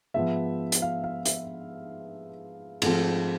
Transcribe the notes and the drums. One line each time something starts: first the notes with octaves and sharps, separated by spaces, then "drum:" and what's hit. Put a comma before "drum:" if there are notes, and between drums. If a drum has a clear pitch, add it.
G#2 F3 B3 E5
drum: hi-hat
F5
F5
E5, drum: hi-hat
G#2 F3 A3 C4, drum: cymbal